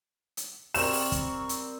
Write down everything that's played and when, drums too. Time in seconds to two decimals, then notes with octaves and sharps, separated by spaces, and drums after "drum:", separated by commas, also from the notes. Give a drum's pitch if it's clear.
0.37 drum: hi-hat
0.74 G3 C4 A#4 C#6 E7, drum: open hi-hat
0.93 drum: open hi-hat
1.12 drum: kick, hi-hat
1.49 drum: hi-hat